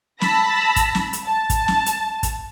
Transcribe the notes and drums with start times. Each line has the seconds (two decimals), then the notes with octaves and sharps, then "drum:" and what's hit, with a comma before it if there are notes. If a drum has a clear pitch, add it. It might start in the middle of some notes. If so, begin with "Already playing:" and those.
0.21 A5 B5 E6 A#6, drum: snare
0.76 drum: kick, hi-hat
0.95 drum: snare
1.13 drum: hi-hat
1.25 A5
1.50 drum: kick, hi-hat
1.68 drum: snare
1.86 drum: hi-hat
2.23 drum: kick, hi-hat